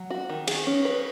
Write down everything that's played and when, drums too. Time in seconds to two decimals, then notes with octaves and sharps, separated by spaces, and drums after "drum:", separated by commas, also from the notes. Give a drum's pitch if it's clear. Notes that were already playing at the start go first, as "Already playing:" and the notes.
Already playing: F#3
0.10 F#4
0.29 D#3
0.47 G#4, drum: cymbal
0.67 C#4
0.85 B4